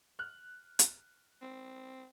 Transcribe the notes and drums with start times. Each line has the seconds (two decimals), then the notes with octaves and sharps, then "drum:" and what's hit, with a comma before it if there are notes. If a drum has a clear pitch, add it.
0.19 F6 F#6
0.79 drum: hi-hat
1.42 C4